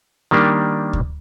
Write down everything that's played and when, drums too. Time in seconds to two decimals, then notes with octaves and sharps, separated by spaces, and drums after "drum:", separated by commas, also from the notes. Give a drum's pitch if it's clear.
0.31 D#3 G3 A#3 D4 G4
0.93 drum: kick D2